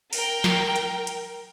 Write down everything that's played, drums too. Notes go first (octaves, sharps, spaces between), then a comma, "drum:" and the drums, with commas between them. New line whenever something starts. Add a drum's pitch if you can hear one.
A#4 G5, drum: open hi-hat
drum: snare
drum: hi-hat
drum: hi-hat